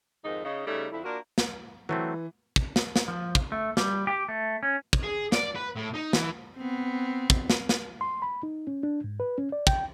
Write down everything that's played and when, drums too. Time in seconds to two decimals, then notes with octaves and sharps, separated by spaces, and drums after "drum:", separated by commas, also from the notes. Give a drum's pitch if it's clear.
0.25 F2 G#2 D#3 D#4
0.44 C#3 D#4
0.66 C#3 G3 A3 D#4 A4
0.91 F2 D3 E4
1.04 A#3 D4 F4 F#4 A#4
1.38 drum: snare
1.89 E3 F#3 A3 C4
2.56 drum: kick
2.76 drum: snare
2.96 drum: snare
3.08 F3
3.35 drum: kick
3.52 A3
3.77 G3, drum: snare
4.07 G4
4.29 A3
4.63 C#4
4.93 drum: kick
5.04 G#4
5.32 D5, drum: snare
5.55 B4
5.76 A2
5.94 D#4
6.13 E3, drum: snare
6.57 B3 C4
7.30 drum: kick
7.50 drum: snare
7.69 drum: snare
8.01 C6
8.22 B5
8.43 D#4
8.67 C#4
8.83 D4
9.04 G#2
9.20 B4
9.38 C#4
9.52 D5
9.67 G5, drum: kick